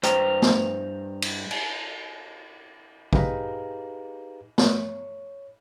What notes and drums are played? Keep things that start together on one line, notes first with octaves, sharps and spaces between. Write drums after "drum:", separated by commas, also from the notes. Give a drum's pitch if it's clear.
G2 C5 G5 A#5, drum: hi-hat
drum: snare
drum: cymbal
drum: cymbal
D#4 G4 G#4 B4 F5 A#5, drum: kick A1
C#5, drum: snare